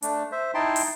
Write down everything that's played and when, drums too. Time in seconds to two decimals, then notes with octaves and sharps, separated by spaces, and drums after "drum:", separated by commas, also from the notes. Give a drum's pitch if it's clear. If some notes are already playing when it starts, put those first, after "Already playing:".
0.02 A3 D4, drum: hi-hat
0.32 C5 E5
0.54 D#4 E4 G5 A5 C6
0.76 drum: open hi-hat